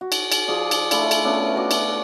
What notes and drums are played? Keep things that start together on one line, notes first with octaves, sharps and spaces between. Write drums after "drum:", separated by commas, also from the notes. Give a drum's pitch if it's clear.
F#4
drum: cymbal
drum: cymbal
F3 G#4 D5
drum: cymbal
A3 D4 E4 F4, drum: cymbal
drum: cymbal
A3 B3 C#4 D4
F#4 D5
drum: cymbal